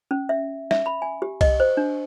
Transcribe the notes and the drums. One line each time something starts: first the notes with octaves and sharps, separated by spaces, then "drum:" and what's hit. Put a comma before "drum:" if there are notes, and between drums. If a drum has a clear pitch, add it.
C#4
E5
E5, drum: snare
B5
G#5
G4
D#5, drum: kick C2, cymbal
C5
D4